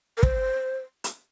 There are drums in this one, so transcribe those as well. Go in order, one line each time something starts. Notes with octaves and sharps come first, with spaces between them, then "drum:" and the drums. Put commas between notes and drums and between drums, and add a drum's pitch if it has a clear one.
A#4
C5, drum: kick
drum: hi-hat